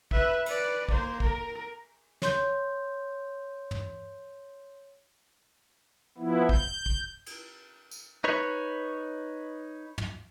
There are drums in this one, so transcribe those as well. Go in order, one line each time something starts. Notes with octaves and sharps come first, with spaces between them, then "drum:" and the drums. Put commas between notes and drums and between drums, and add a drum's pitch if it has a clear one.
B4 E5, drum: kick
B4 D5, drum: cymbal
A#3 C5, drum: kick
A#4, drum: kick
C#5 C6 G6, drum: snare
drum: tom
F3 B3 E4
G6, drum: kick
drum: kick
drum: cymbal
drum: tambourine
D#4 B4 C#5
drum: tom